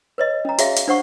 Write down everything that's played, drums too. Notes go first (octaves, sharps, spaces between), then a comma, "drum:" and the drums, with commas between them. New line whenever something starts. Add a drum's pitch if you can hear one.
B4 C#5 D#5
C#4 A#5
F#4 G#4 C#5 E5 F5 G5, drum: hi-hat
drum: hi-hat
D4 C5 F#5 C#6